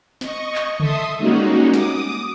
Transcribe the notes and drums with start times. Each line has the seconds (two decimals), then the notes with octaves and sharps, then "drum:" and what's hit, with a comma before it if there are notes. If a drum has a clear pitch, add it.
0.21 D#5 C#6, drum: snare
0.54 drum: clap
0.80 A4 E5 C6 D#6, drum: tom C#3
1.19 G3 G#3 A#3 C#4 D#4 F#4
1.74 D6 D#6, drum: snare